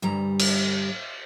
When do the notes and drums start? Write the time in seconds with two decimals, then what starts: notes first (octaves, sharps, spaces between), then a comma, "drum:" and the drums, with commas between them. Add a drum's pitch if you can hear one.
0.02 D2 G2 G3 A#5
0.39 drum: cymbal